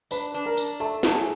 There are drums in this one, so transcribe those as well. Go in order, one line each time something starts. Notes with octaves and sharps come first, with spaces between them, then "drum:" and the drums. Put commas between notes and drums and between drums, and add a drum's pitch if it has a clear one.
D4 B4 B5, drum: tambourine
D4
A#4 A#5
D4, drum: tambourine
A3 A4 A5
F#3 A5, drum: snare
G#4 G#5